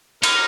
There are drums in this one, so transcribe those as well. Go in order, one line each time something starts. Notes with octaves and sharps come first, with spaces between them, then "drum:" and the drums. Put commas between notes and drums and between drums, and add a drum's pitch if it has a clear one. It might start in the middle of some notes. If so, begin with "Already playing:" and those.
D#4 A#4, drum: cymbal